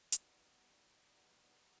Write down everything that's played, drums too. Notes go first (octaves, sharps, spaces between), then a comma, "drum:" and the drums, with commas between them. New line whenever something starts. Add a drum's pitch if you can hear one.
E2 B2 G3 B3 D#4, drum: hi-hat
E2 B2 G3 B3 D#4